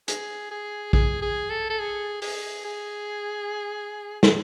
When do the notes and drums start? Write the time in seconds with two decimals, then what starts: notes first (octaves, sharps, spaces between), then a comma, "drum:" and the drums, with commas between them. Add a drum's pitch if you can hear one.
0.08 G#4, drum: hi-hat
0.51 G#4
0.93 G#4, drum: kick
1.22 G#4
1.50 A4
1.70 A4
1.79 G#4
2.22 G#4, drum: open hi-hat
2.65 G#4
4.23 drum: snare